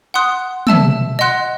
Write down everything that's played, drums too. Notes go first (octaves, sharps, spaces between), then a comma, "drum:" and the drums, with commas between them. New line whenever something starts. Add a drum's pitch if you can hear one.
F#5 C6 D#6 F#6
E5 A5 E6, drum: tom
D#5 F#5 C6 F#6